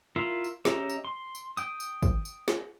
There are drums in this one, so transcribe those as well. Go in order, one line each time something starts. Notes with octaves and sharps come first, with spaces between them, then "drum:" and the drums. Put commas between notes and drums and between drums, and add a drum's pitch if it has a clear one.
E4 F4 A#4 E5 C6
drum: tambourine
C#4 G4 D#5 E5 A#5, drum: snare
drum: tambourine
C6
drum: tambourine
G5 D#6, drum: tambourine
drum: tambourine
drum: kick, tambourine
drum: tambourine
drum: snare